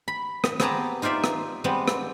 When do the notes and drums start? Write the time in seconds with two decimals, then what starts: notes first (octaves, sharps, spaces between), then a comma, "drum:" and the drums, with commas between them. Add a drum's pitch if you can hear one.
0.08 B5
0.44 drum: rim click
0.60 B3 C4 G4 G#4 A5 A#5, drum: rim click
1.02 D#4 F4 C5 D5 E5
1.24 drum: rim click
1.64 G3 G#3 B3 C4
1.88 drum: rim click